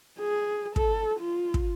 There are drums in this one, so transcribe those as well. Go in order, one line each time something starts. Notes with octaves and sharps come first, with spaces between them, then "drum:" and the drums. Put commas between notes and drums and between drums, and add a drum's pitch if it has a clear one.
G#4
A4, drum: kick
F4
drum: kick